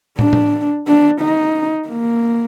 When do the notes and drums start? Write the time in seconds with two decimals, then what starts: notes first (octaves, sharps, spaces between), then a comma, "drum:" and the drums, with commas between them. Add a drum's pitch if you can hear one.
0.19 D4, drum: tom
0.33 drum: tom A2
0.87 D4
1.21 D#4
1.88 A#3